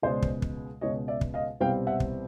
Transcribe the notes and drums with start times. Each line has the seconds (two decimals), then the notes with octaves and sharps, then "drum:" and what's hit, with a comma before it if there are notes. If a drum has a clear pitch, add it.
0.02 C#2 B2 G#3 C5 D5
0.22 drum: kick
0.42 drum: kick
0.81 C#2 B2 G#3 C#5 D#5
1.08 D5 E5
1.21 drum: kick
1.34 D#5 F5
1.60 C2 B2 G3 C4 F5 G5
1.87 E5 F#5
2.00 drum: kick